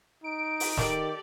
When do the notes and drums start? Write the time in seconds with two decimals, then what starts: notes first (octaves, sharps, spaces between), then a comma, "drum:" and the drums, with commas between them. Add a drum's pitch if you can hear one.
0.24 D#4 D7
0.60 drum: open hi-hat
0.78 D#3 G4 A4 D5, drum: snare